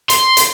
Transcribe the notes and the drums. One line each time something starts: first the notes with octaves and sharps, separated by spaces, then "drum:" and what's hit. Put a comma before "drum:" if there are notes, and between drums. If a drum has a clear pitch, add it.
C6, drum: hi-hat
drum: hi-hat